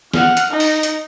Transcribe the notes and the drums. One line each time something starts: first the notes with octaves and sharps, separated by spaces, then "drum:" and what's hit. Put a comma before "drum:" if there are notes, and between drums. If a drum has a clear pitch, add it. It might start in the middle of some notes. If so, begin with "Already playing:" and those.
F#5 F6, drum: snare
drum: hi-hat
D#4
drum: open hi-hat
drum: hi-hat